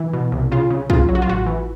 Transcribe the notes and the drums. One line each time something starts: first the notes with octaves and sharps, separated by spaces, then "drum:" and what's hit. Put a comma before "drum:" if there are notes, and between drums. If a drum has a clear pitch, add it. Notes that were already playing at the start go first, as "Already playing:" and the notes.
Already playing: E3
B2
C2
C#3 F4
C#3
C#3 F4, drum: kick
F#3
F#4
F4
A1 F#4
E3